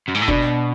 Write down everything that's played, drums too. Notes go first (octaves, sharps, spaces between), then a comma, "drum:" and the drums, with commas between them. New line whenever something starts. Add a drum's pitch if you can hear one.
F#2
G#2
A2
B2 D4, drum: kick